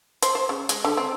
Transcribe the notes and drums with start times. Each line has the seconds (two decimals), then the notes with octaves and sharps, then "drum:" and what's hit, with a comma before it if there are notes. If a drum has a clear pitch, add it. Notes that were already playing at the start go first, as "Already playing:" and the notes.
0.22 C5, drum: hi-hat
0.35 C5
0.49 C#3
0.69 G#3, drum: hi-hat
0.84 D3
0.97 C4